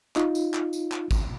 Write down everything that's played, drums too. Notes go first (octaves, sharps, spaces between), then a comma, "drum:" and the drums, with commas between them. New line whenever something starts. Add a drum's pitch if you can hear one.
D#4 F4, drum: clap
drum: tambourine
drum: clap
drum: tambourine
drum: clap
drum: kick G#1, tambourine